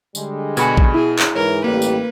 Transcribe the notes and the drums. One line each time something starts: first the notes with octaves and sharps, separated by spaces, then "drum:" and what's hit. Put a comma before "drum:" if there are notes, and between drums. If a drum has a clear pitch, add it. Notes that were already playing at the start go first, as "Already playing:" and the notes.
D3 G3 G#3, drum: tambourine
B2 F#4 G#5 B5 G#6, drum: tambourine
drum: kick
E4 G#4
drum: clap
G#2 E3 A#4 C#5
A1 G3 A#3 G4 B4
drum: tambourine